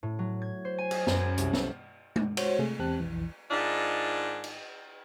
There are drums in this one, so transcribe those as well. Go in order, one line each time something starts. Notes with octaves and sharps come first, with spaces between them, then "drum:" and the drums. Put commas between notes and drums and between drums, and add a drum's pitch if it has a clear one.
A2
F#3
G#6
C5
G#5
G#4, drum: cymbal
F#2, drum: snare
G#6
C2, drum: hi-hat
A4, drum: snare
drum: tom G#3
F#4 C5 C#5 C6, drum: cymbal
C3 A3 G#4
E2 C4 G4 A5 F#6
B1 F2 E3
G#2 D#3 D4 D#4 F4
drum: cymbal